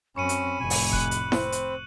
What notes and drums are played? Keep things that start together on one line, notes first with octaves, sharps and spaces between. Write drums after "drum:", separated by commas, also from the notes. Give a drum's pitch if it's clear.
F#2 C4 C#4 B5 C#6 C#7 D#7
drum: hi-hat
F1 A2 G#5
drum: open hi-hat
F#6 F#7, drum: kick E1
drum: hi-hat
C4, drum: snare E4
drum: hi-hat